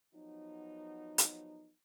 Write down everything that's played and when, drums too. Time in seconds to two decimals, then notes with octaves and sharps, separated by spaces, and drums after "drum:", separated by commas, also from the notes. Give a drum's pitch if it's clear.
0.14 F3 F#3 B3 D#4
1.18 drum: hi-hat